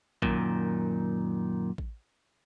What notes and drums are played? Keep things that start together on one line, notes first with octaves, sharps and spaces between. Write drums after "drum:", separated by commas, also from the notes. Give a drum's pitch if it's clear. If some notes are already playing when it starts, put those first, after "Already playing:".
F#2 A#2 D#3, drum: kick A1
drum: kick A1